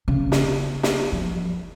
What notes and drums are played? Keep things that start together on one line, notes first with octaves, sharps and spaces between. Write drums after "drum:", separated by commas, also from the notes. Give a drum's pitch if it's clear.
C#3
drum: snare
drum: snare
F3